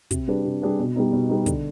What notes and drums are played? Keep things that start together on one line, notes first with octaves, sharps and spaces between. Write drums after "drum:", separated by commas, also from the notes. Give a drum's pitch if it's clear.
C3, drum: kick, hi-hat
G3 D4 G#4 B4
C3
G3 D4 G#4 B4
B2
G3 B3 D#4
B2
G3 B3 D#4
D3, drum: kick, hi-hat